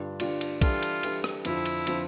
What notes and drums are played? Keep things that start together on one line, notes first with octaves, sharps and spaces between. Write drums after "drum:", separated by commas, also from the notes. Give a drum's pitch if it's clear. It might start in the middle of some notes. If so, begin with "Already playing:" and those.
Already playing: G2 D3 G3 D4 F4
G2 D3 G3 D4 F4, drum: cymbal
drum: cymbal
E3 G3 D4 F4 A4, drum: kick, cymbal
drum: cymbal
E3 G3 D4 A4, drum: cymbal
drum: rim click
F2 D3 F3 C4 E4 F4, drum: cymbal
drum: cymbal
D3 F3 C4 F4, drum: cymbal